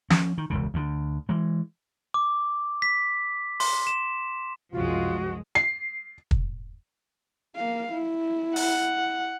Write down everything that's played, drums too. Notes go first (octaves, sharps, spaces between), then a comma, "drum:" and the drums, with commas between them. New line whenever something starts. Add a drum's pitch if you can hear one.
F3 C#4, drum: snare
D#3
E1 C#2 C#3
D2 D3
E3 G#3
D6
B6
C6, drum: open hi-hat
E7
C2 F#2 F3 G#3 F4 F#4
C7
drum: kick
A#3 F5
E4
F#5, drum: open hi-hat